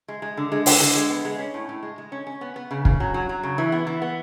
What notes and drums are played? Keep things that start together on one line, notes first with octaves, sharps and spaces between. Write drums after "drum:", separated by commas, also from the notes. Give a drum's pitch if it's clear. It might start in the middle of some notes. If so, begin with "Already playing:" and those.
G#3
G#3
D3
G#3
D3, drum: open hi-hat
D3
G#3
B3
G#3
C#4
A2
A2
G#3
G#3
C#4
C#4
B3
B3
C#3
C#3, drum: kick
F#3
F#3
F#3
C#3
E3
B3
E3
B3